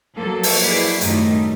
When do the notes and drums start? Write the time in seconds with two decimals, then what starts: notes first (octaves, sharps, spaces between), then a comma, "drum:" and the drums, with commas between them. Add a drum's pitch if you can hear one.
0.15 F3 F#3 A#3 A4
0.43 drum: open hi-hat
0.63 E4 G#4 B4 D5
1.01 F#2 A2 D#3 G3 A3 D#4, drum: hi-hat